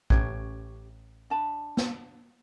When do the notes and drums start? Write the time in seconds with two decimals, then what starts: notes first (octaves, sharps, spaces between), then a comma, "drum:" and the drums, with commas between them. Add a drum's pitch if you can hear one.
0.10 A1 C#4 G4 C#5, drum: kick A#1
1.30 D4 A5 B5
1.77 drum: snare